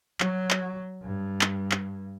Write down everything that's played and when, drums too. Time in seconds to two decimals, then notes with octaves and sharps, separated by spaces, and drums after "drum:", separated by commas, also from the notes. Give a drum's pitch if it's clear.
0.20 F#3, drum: clap
0.51 drum: clap
1.03 G2
1.41 drum: clap
1.71 drum: clap